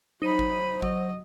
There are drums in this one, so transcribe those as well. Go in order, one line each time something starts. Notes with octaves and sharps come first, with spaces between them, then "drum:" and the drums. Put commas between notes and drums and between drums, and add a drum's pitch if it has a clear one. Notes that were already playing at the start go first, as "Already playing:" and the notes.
F#3 D#4 C5 B5 D#7
drum: kick G#1
F#3 D#5, drum: kick G#1